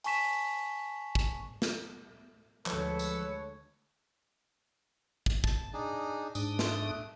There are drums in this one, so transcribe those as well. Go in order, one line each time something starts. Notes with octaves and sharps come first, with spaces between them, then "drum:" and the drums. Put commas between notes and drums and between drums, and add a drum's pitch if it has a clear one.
G#5 A5 C#6 B6 E7, drum: open hi-hat
drum: kick
drum: snare
D2 D3 F3 G#3 A4 B4 C#5, drum: clap
drum: tambourine
drum: kick
A5, drum: kick
D4 D#4 G#4
G#2 D4 D#6, drum: tambourine
A3 F4, drum: snare
A3